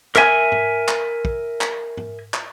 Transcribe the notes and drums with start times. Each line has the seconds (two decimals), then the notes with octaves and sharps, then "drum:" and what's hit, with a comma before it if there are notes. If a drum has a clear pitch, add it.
0.16 A#4 E5 G#5, drum: clap
0.52 drum: tom G#2
0.88 drum: clap
1.25 drum: kick
1.61 drum: clap
1.97 drum: tom G#2
2.34 drum: clap